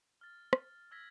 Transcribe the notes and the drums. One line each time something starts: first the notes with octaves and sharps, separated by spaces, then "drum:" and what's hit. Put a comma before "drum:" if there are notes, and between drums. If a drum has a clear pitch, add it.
F6 A6
drum: rim click
E6 F6 G#6 A#6 B6